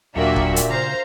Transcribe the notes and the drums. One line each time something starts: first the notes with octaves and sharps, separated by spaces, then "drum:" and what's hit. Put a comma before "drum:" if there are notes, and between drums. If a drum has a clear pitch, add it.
D#2 A#2 F#3 A#3 D4 F#4 G4 E5
drum: kick
drum: hi-hat
C#3 C5 F5 A#5